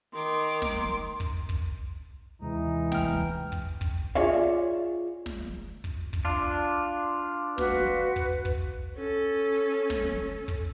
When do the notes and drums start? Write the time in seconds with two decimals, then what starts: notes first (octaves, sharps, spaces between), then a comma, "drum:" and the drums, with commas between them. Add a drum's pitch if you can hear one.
0.13 D#3 C6 D6
0.62 drum: snare
1.20 drum: kick
1.49 drum: kick
2.42 D#2 C3 E3 G#3 D#4
2.92 G5 F6, drum: snare
3.52 drum: kick
3.81 drum: kick
4.15 F4 G#4 C#5 D5 E5 F5
5.26 drum: snare
5.84 drum: kick
6.13 drum: kick
6.25 D4 F4
7.58 F#4 B4, drum: snare
8.16 drum: kick
8.45 drum: kick
8.96 C#4 A4
9.90 drum: snare
10.48 drum: kick